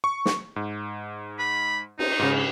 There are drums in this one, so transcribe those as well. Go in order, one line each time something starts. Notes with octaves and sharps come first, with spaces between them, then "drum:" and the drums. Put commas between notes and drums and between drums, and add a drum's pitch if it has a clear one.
C#6
drum: snare
G#2
B5
D#4, drum: cymbal
G#2 C#3